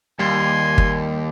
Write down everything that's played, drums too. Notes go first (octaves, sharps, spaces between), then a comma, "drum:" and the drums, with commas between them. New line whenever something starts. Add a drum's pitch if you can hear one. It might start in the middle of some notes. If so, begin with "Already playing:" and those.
D#2 G3 G#5 C6
drum: kick G1